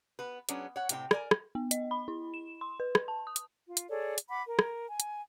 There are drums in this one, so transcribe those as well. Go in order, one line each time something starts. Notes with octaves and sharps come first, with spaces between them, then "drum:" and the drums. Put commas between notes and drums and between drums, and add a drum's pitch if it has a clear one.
B3 B4
F#3 B3 C#4 D4 G#4, drum: hi-hat
C#5 F#5
A2 C3 C4 D#4 G5, drum: hi-hat
A#4 D5 G#5, drum: rim click
drum: rim click
B3
D#5, drum: hi-hat
B5
E4
E7
C6
B4
drum: rim click
A5
D#6
drum: hi-hat
F4
drum: hi-hat
G#4 A4 C#5 D5
drum: hi-hat
F#5 B5 D6
A#4
drum: rim click
G#5
drum: hi-hat